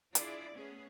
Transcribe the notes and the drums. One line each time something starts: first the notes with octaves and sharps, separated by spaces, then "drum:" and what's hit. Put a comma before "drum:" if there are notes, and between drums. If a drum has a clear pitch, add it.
D4 E4 F4 G#4 D5, drum: hi-hat
A3 B3 C#4 G#4